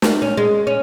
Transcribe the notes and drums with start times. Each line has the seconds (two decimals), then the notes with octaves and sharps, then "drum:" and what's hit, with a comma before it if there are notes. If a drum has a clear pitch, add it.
0.02 drum: snare
0.22 C#4
0.37 G#3
0.67 C#4